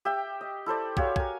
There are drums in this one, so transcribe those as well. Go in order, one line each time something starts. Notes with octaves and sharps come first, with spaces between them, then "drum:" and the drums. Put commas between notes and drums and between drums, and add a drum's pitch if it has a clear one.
G4 E5 G5
D#5
E4 A4 C5 D5
F#4 G4 C#5 F5, drum: kick
A#4 G#5, drum: kick